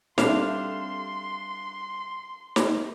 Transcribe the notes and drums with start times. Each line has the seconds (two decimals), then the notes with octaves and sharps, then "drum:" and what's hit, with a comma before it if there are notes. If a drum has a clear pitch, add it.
0.18 G3 C4 D4 G4 A4 E5 F5 C6, drum: snare
2.56 drum: snare